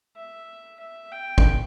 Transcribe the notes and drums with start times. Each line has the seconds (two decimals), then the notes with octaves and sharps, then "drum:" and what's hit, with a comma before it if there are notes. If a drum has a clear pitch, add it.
0.16 E5
0.80 E5
1.12 G5
1.38 drum: kick